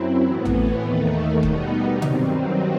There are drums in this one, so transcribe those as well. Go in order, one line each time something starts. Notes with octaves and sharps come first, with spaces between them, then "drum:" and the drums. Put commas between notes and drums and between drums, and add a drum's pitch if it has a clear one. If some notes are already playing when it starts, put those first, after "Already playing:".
Already playing: F#2 F#3 C4 E4
A2 E3 B3
drum: tom A1
D#2 D#3 A3
B2 G3 B3 D#4, drum: kick
G2 D#3 F#3 C4, drum: tom C3